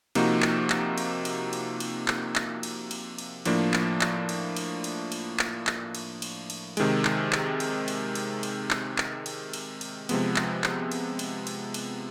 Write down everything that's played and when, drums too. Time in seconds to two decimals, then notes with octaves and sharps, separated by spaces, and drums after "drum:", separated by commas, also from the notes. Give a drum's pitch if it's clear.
0.15 C3 F3 A#3 D#4 F#4, drum: cymbal
0.42 drum: clap
0.70 drum: clap
0.98 drum: cymbal
1.25 drum: cymbal
1.53 drum: cymbal
1.80 drum: cymbal
2.08 drum: clap
2.36 drum: clap
2.63 drum: cymbal
2.91 drum: cymbal
3.18 drum: cymbal
3.45 A2 F3 A#3 D4, drum: cymbal
3.74 drum: clap
4.01 drum: clap
4.29 drum: cymbal
4.57 drum: cymbal
4.84 drum: cymbal
5.12 drum: cymbal
5.39 drum: clap
5.67 drum: clap
5.95 drum: cymbal
6.22 drum: cymbal
6.50 drum: cymbal
6.77 C3 D#3 G#3, drum: cymbal
7.05 drum: clap
7.33 drum: clap
7.60 drum: cymbal
7.88 drum: cymbal
8.15 drum: cymbal
8.43 drum: cymbal
8.71 drum: clap
8.98 drum: clap
9.26 drum: cymbal
9.53 drum: cymbal
9.81 drum: cymbal
10.09 C3 F3 G#3 B3, drum: cymbal
10.36 drum: clap
10.64 drum: clap
10.92 drum: cymbal
11.19 drum: cymbal
11.47 drum: cymbal
11.74 drum: cymbal